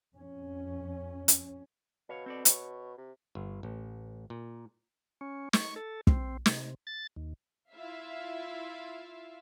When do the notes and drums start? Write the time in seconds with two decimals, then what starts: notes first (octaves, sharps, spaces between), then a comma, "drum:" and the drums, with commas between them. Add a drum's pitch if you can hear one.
0.15 F2 C#4
1.28 drum: hi-hat
2.09 B2 C#5 F5
2.26 C4 A4 D5
2.45 C#5, drum: hi-hat
2.98 C3
3.35 G1
3.63 A1
4.30 A#2
5.21 C#4
5.53 C#6, drum: snare
5.76 A4
6.07 C4, drum: kick
6.46 C3, drum: snare
6.87 A6
7.16 D#2
7.73 E4 F4 E5 F5